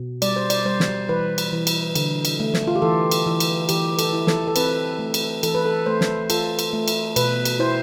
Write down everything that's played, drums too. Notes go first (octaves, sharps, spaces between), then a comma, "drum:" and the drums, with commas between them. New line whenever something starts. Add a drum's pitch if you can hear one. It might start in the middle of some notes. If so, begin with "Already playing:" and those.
Already playing: B2
G3 D5, drum: cymbal
C5
D5, drum: cymbal
G3 C5
drum: snare
E3 B4
drum: cymbal
E3
drum: cymbal
D3, drum: cymbal
drum: cymbal
A3
drum: snare
F4
G4
E3 A4
drum: cymbal
E3
drum: cymbal
E3 G4, drum: cymbal
A4, drum: cymbal
E4
A4, drum: snare
A4
C4 B4, drum: cymbal
A3
drum: cymbal
E3 A4, drum: cymbal
B4
A4
A3 C5
drum: snare
F4 A4, drum: cymbal
drum: cymbal
A3
drum: cymbal
B2 B4, drum: cymbal
drum: cymbal
E4 C5